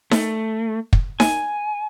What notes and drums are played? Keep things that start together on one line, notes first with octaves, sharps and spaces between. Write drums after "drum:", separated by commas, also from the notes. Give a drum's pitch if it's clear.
A3, drum: snare D#4
drum: kick
G#5, drum: snare D#4